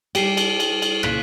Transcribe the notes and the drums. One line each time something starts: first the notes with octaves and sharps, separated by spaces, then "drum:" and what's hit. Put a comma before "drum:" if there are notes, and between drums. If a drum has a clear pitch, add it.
G3 G4 C7 D#7 E7, drum: cymbal
drum: cymbal
drum: cymbal
drum: cymbal
A#2 C#3 F#6 B6 E7, drum: rim click